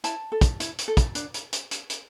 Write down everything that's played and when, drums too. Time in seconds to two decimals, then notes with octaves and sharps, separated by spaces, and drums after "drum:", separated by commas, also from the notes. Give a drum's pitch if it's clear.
0.04 E4 A5, drum: hi-hat
0.32 A4
0.41 drum: kick, hi-hat
0.60 E4, drum: hi-hat
0.78 drum: hi-hat
0.88 A4
0.97 drum: kick, hi-hat
1.15 D4, drum: hi-hat
1.34 drum: hi-hat
1.53 drum: hi-hat
1.71 drum: hi-hat
1.90 drum: hi-hat